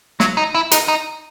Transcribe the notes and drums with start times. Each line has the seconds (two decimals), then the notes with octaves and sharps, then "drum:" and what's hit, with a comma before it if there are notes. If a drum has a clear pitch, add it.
0.20 F#3, drum: snare
0.37 D#4
0.55 E4
0.71 D#4, drum: hi-hat
0.88 D#4